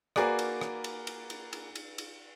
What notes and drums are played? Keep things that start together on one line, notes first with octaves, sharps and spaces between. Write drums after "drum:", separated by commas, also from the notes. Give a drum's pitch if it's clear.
A#3 F#4 G#4 A#4 B4 D5, drum: rim click
drum: cymbal
drum: rim click
drum: cymbal
drum: cymbal
drum: cymbal
drum: cymbal
drum: cymbal
drum: cymbal